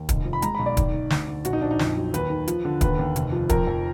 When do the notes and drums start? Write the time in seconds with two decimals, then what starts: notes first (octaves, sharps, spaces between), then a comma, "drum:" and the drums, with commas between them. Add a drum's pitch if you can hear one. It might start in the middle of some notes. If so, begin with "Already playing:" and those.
Already playing: D#2
0.09 F1, drum: kick, hi-hat
0.25 F3
0.33 B5
0.42 G#3 A#5, drum: hi-hat
0.55 B1 B5
0.66 D5
0.77 D#3, drum: kick, hi-hat
0.94 D#3
1.10 D2, drum: snare
1.28 D2
1.45 A#1 F#4, drum: hi-hat
1.53 D#4
1.62 A#1 D4
1.71 D#4
1.79 F2, drum: snare
1.97 F#3
2.14 D#2 B4, drum: hi-hat
2.30 D#3
2.48 F3, drum: hi-hat
2.65 D3
2.81 D#2 B4, drum: kick, hi-hat
2.99 D#2
3.16 F1, drum: hi-hat
3.32 F3
3.49 F2 A#4, drum: kick, hi-hat
3.67 F2